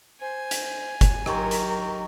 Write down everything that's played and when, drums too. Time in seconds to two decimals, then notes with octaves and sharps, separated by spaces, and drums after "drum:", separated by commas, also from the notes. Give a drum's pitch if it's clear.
0.21 C5 G#5
0.51 drum: hi-hat
1.01 drum: kick, hi-hat
1.26 D#3 F#3 G4 A#4 C#5 C6, drum: rim click
1.51 drum: hi-hat